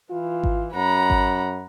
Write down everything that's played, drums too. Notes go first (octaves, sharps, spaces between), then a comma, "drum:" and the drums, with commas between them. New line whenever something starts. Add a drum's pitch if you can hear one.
E3 F4
drum: kick G#1
F#2 F#5 A#5 B5
drum: kick G#1